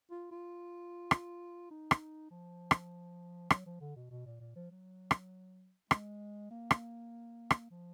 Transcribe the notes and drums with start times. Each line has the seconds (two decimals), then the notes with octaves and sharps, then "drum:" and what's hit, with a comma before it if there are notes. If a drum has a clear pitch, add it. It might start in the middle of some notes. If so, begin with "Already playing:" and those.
0.11 F4
0.31 F4
1.11 drum: rim click
1.71 D#4
1.91 drum: rim click
2.31 F3
2.71 drum: rim click
3.50 F#3, drum: rim click
3.66 F3
3.80 D3
3.96 B2
4.11 B2
4.26 A#2
4.41 A#2
4.56 F3
4.71 F#3
5.11 drum: rim click
5.91 G#3, drum: rim click
6.51 A#3
6.71 drum: rim click
7.51 drum: rim click
7.71 F3